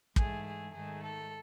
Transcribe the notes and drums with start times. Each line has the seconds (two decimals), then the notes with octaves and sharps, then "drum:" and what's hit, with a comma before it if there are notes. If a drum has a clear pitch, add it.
0.16 G#2 E3 A3 G#4, drum: kick
0.46 G#4
0.74 G#2 D#3 A3 G#4
1.03 A4